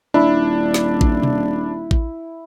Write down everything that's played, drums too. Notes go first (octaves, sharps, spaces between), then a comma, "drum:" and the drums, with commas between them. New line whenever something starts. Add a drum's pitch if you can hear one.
D#1 D4 E4
drum: snare
drum: kick
drum: tom B2
drum: kick